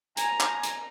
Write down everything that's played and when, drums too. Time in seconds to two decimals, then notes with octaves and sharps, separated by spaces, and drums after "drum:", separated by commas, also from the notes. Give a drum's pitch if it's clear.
0.17 G#5 A#5, drum: hi-hat
0.40 drum: clap
0.63 drum: hi-hat